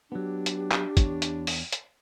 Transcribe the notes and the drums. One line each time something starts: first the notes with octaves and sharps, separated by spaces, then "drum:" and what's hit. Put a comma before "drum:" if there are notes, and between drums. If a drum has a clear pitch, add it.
F#3 B3 D4 G4
drum: hi-hat
drum: clap
E2 C#5, drum: kick, hi-hat
drum: hi-hat
drum: open hi-hat
drum: hi-hat